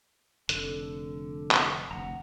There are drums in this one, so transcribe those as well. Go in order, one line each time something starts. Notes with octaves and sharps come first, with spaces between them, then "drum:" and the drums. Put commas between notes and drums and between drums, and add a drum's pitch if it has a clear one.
F1 D3 A4 F#6, drum: hi-hat
drum: clap
F1 D2 F#5 A#5